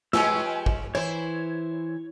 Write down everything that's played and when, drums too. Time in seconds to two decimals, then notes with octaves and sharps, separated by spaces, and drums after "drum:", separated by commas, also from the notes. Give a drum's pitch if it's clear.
0.13 F3 G#3 C#4 F4 G4 B4 E6, drum: snare
0.66 drum: kick
0.95 E3 E4 C5 C#5